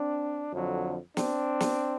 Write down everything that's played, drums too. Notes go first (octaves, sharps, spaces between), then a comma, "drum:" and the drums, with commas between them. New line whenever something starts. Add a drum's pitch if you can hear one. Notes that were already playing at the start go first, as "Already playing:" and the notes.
Already playing: C4 D4
F2 D3 F#3
C4 D4, drum: snare
drum: snare